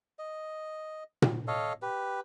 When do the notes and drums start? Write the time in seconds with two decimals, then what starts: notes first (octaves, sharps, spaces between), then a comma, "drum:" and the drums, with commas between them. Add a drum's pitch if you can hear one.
0.19 D#5
1.22 drum: tom A#2
1.47 A4 C#5 D#5 F5
1.82 G4 B4